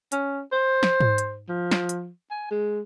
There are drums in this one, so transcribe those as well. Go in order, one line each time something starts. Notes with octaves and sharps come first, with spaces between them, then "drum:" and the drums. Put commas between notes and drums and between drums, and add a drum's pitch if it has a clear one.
C#4, drum: hi-hat
C5
drum: snare
drum: tom G#2
drum: hi-hat
F3
drum: snare
drum: hi-hat
G#5
G#3